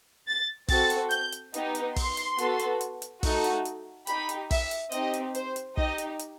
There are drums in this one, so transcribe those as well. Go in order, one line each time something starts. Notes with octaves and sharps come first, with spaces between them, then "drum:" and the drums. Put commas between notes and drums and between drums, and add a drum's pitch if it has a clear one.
A6
C4 F#4 A4 A6, drum: kick, open hi-hat
drum: hi-hat
G6, drum: hi-hat
drum: hi-hat
B3 D#4 G4, drum: hi-hat
drum: hi-hat
C6, drum: kick, open hi-hat
drum: hi-hat
B3 F#4 A4, drum: hi-hat
drum: hi-hat
drum: hi-hat
drum: hi-hat
A3 D#4 F#4 A4, drum: kick, open hi-hat
drum: hi-hat
drum: hi-hat
D#4 G4 B5, drum: hi-hat
drum: hi-hat
E5, drum: kick, open hi-hat
drum: hi-hat
C4 D#4 G4 D#5, drum: hi-hat
drum: hi-hat
C5, drum: hi-hat
drum: hi-hat
D#4 G4 D#5, drum: kick
drum: hi-hat
drum: hi-hat